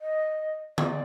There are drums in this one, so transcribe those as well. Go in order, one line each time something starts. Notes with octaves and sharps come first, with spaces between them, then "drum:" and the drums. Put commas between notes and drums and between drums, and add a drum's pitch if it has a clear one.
D#5
D5, drum: tom